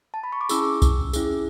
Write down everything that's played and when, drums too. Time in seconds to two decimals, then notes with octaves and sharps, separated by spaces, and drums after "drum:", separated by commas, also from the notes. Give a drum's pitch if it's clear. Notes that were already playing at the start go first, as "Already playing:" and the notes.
0.14 A5
0.24 B5
0.32 C#6
0.41 D6
0.49 C#4 E4 G#4 E6, drum: tambourine
0.82 drum: kick B1, tambourine
1.13 C#4 E4 G#4, drum: tambourine